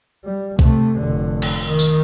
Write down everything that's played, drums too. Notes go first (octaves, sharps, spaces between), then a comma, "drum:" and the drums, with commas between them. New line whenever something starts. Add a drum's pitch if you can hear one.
G3
C3 A3, drum: kick
F1 D3
drum: cymbal
D#3
drum: tambourine